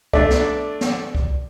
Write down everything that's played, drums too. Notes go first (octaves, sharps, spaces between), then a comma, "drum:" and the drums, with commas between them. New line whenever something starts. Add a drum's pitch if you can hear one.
A3 D4 D5, drum: kick C2
drum: snare
drum: snare
drum: kick C2